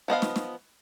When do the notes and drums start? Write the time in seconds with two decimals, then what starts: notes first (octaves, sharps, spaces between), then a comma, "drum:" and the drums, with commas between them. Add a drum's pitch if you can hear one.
0.08 F3 B3 D#5 F5
0.22 drum: snare
0.36 drum: snare